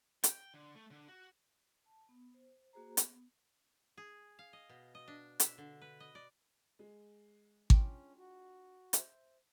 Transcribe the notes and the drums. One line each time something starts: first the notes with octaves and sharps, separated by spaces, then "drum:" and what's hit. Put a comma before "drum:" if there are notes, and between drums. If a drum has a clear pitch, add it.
G5, drum: hi-hat
D3
A3
D3
F#4
A5
B3
C5
A#3 F#4 G#4 C5 A#5
B3, drum: hi-hat
G#4
F5
D#5
B2
D#5
D4
E5, drum: hi-hat
D3
B4
D#5
D5
G#3
C#4 D4 F4 G5, drum: kick G#1
F#4
C5 E5, drum: hi-hat